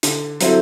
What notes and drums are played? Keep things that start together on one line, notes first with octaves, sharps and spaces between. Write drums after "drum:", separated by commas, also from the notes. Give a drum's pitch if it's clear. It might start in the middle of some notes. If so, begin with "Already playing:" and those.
D3, drum: hi-hat
F#3 C4 E4 A4, drum: hi-hat